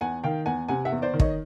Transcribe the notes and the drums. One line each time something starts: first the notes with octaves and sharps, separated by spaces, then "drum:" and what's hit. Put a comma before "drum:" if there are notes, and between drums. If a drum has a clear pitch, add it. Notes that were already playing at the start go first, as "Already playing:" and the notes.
E2 F#5 G#5
D#3 F5 G5
E2 F#5 G#5
C3 F#5 G#5
E5 F#5
E2
C5 D5
D#3
C#5 D#5, drum: kick